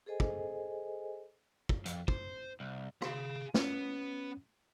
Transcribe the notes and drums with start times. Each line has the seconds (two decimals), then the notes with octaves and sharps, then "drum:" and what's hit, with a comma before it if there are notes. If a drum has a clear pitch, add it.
0.06 G#4 A4 C5 D#5 G#5
0.20 drum: kick
1.69 drum: kick
1.85 F2, drum: hi-hat
2.08 C5, drum: kick
2.60 C2
3.02 G#4 F5, drum: rim click
3.54 B3 C#4, drum: snare